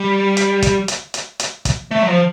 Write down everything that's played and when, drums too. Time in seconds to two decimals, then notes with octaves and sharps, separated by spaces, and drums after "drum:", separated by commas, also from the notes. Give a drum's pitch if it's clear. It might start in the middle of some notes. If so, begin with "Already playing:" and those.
Already playing: G3
0.37 drum: hi-hat
0.62 drum: kick, hi-hat
0.88 drum: hi-hat
1.14 drum: hi-hat
1.40 drum: hi-hat
1.65 drum: kick, hi-hat
1.91 A3
2.03 F#3
2.08 F3